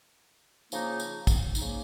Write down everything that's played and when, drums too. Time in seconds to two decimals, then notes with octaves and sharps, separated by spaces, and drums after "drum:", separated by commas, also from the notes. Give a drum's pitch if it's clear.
0.72 C#3 F3 A#3 D#4, drum: tambourine
1.00 drum: tambourine
1.27 drum: kick, tambourine
1.55 C#3 F3 A#3 D#4, drum: tambourine